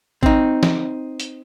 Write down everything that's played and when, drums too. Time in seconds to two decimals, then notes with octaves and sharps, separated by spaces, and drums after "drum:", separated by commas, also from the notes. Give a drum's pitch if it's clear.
0.23 C4 D#4, drum: kick
0.63 drum: snare
1.20 drum: hi-hat